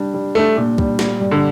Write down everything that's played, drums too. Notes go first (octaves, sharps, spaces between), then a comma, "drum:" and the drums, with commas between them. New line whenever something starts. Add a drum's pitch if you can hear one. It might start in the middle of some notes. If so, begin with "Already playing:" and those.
Already playing: G3 D4
G3
A3 D4
A#2
G3, drum: kick
G3, drum: snare
G2
D3